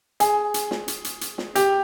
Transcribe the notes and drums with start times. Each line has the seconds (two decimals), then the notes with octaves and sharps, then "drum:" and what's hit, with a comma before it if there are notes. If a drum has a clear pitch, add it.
0.20 G#4, drum: hi-hat
0.54 drum: hi-hat
0.71 drum: snare
0.88 drum: hi-hat
1.04 drum: hi-hat
1.21 drum: hi-hat
1.38 drum: snare
1.55 G4, drum: hi-hat